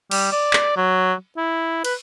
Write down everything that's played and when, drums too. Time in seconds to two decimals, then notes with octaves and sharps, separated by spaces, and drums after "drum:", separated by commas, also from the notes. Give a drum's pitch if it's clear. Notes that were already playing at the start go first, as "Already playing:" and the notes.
0.11 G3, drum: cymbal
0.32 D5
0.53 drum: clap
0.77 F#3
1.37 E4
1.85 B4, drum: cymbal